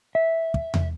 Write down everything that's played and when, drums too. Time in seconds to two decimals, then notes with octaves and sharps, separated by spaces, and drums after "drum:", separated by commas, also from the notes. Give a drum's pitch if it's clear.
0.15 E5
0.54 drum: kick
0.74 drum: tom E2